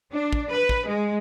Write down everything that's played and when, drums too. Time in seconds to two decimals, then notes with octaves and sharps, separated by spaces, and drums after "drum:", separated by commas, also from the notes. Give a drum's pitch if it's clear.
0.11 D4
0.33 drum: kick
0.51 B4
0.69 drum: kick
0.88 G#3